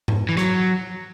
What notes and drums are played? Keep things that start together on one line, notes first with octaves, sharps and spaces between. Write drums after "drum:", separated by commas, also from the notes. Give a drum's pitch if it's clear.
drum: tom G#2
E3
F#3, drum: rim click